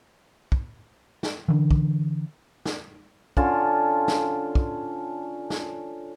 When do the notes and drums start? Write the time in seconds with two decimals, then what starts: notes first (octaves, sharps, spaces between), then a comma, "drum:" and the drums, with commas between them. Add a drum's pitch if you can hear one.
0.52 drum: kick
1.23 drum: snare
1.48 D3 E3
1.71 drum: kick
2.65 drum: snare
3.37 D3 C#4 F4 A5, drum: kick
4.08 drum: snare
4.55 drum: kick
5.50 drum: snare